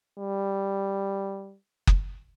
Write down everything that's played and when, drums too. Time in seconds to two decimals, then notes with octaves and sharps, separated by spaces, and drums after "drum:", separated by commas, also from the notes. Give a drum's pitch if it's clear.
0.18 G3
1.87 drum: kick F#1